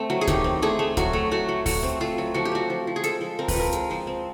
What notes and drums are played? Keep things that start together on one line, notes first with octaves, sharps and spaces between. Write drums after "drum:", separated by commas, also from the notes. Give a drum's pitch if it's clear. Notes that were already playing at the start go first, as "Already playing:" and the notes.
Already playing: A3 C4
F#3
G#4
D#3 G4, drum: kick D2, hi-hat
C4
A3 G#4
A3
F#3 F#4, drum: kick D2, hi-hat
A3
A3 F#4
F#3
A3 F#4, drum: kick D2, open hi-hat
C4
A3 F4
F#3
F3 F#4
G4
C4 F#4
F3
F3
G#4
G#3 A4, drum: hi-hat
F3
C4 A#4
B4, drum: kick D2, open hi-hat
F3 A#4
G#3, drum: hi-hat
F3
C4